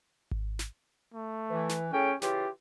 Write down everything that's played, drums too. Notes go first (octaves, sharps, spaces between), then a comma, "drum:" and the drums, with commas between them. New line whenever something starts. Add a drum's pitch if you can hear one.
drum: kick G#1
drum: snare
A3
E3
drum: snare
A2 C#4 G#4 G5
C#3 E3 F4 G4, drum: snare